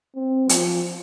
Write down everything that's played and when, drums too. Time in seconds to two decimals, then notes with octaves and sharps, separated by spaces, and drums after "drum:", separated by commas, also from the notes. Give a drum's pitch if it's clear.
0.16 C4
0.49 F3, drum: hi-hat